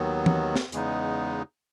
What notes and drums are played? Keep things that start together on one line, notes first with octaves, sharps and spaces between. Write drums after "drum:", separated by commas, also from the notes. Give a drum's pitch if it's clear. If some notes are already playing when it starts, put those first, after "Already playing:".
Already playing: D#2 D#3 F#3 B3
drum: tom E3
drum: snare
E2 C#3 G#3 B3 D#4, drum: hi-hat